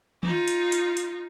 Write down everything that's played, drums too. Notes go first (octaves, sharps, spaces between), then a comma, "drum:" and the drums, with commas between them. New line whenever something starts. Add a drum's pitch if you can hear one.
D#4 F4, drum: tom D#3
drum: hi-hat
drum: hi-hat
drum: hi-hat